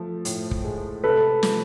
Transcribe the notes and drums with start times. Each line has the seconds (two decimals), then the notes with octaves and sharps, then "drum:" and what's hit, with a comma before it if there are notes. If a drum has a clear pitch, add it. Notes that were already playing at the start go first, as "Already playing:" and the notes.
Already playing: F3 A3
0.25 A2, drum: hi-hat
0.51 drum: kick
0.65 G#3
1.03 C3 A4 B4
1.43 F3, drum: snare